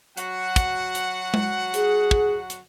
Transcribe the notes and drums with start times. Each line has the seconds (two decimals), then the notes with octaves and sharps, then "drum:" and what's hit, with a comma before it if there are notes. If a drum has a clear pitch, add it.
0.17 F#3 F#4 F#5, drum: hi-hat
0.56 drum: kick, hi-hat
0.95 drum: hi-hat
1.34 drum: tom G#3
1.74 G#4, drum: hi-hat
2.11 drum: kick
2.50 drum: hi-hat